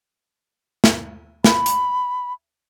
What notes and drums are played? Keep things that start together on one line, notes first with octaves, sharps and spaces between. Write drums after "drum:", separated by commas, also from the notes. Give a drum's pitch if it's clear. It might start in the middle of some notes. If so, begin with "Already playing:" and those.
drum: snare
B5, drum: snare
drum: hi-hat